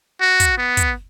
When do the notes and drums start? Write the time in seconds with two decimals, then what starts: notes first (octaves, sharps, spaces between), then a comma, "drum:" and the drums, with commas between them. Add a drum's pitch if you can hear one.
0.21 F#4
0.40 drum: kick, hi-hat
0.58 B3
0.77 drum: kick, hi-hat